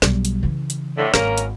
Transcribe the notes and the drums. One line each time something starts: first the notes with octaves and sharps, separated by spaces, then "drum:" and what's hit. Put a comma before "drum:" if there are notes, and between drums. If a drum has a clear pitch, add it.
B1 G3, drum: snare
drum: hi-hat
C#3 E3
drum: hi-hat
A2 D3
G#1 A#3 C#4 A#4, drum: snare
drum: hi-hat